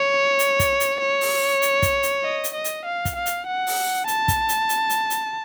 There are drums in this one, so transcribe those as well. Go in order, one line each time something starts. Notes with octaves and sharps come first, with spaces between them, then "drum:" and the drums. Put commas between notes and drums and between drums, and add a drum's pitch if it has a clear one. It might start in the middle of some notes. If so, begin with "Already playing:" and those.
Already playing: C#5
drum: hi-hat
drum: kick, hi-hat
drum: hi-hat
C#5
drum: open hi-hat
drum: hi-hat
drum: kick, hi-hat
drum: hi-hat
D#5
drum: hi-hat
D#5
drum: hi-hat
F5
drum: kick, hi-hat
F5
drum: hi-hat
F#5
drum: open hi-hat
A5, drum: hi-hat
drum: kick, hi-hat
drum: hi-hat
drum: hi-hat
drum: hi-hat
drum: hi-hat